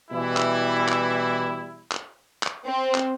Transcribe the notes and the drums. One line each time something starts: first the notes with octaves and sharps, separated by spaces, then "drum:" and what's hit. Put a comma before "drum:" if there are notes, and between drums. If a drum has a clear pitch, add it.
B2 E3 G3 E4
drum: clap
drum: clap
drum: clap
drum: clap
C4
drum: clap